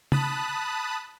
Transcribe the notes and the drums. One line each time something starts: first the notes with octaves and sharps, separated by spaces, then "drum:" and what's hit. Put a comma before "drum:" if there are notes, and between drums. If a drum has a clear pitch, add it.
A5 B5 D#6 F#6, drum: tom C#3